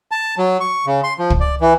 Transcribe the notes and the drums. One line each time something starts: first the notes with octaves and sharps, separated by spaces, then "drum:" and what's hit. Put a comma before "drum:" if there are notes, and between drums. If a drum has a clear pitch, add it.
A5
F#3
C#6
C#3
C6
F3
drum: kick
D5
E3